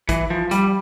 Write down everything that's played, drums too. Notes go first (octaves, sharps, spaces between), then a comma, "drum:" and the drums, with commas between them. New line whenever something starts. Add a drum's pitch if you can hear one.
E3, drum: kick, hi-hat
F3
G3, drum: hi-hat